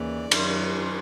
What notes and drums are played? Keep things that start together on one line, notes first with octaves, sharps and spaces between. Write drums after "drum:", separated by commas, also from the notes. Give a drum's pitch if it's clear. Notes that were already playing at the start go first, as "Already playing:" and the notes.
Already playing: D#2 C#3 E3 D5
F#2 D#3, drum: cymbal